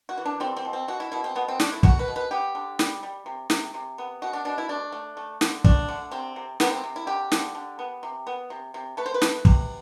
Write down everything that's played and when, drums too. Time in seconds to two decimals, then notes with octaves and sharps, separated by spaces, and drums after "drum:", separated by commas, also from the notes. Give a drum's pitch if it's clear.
0.09 F#4
0.18 E3
0.25 D4
0.40 G3 C4
0.56 C4
0.65 B2
0.73 C4
0.88 B2 F#4
1.00 E4
1.12 B2 E4
1.24 C4
1.35 B2 B3
1.48 C4
1.60 A3 D4, drum: snare
1.72 E4
1.83 A3 F#4, drum: kick
1.99 B4
2.08 B2
2.16 B4
2.31 B3 G4
2.55 D3
2.79 G3, drum: snare
3.03 G3
3.26 C3
3.50 C3, drum: snare
3.74 C3
3.98 B3
4.22 B2 F#4
4.33 D4
4.45 B2 D4
4.58 E4
4.69 A3 D4
4.92 A3
5.17 A3
5.41 D3, drum: snare
5.64 A3 D4, drum: kick
5.88 D3
6.11 C3 C4
6.36 C3
6.60 C3 B3, drum: snare
6.71 C4
6.84 C3
6.96 E4
7.07 D3 G4
7.32 D3, drum: snare
7.55 D3
7.79 B3
8.03 C3
8.27 B3
8.50 C3
8.74 C3
8.97 A3 B4
9.06 C5
9.14 B4
9.22 A3, drum: snare
9.45 C3, drum: kick